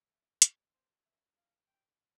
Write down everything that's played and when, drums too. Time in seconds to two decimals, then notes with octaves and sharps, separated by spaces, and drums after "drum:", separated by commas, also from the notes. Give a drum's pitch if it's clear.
0.11 E5
0.42 G#4, drum: hi-hat
0.74 C5
1.05 E5
1.36 F5
1.68 G5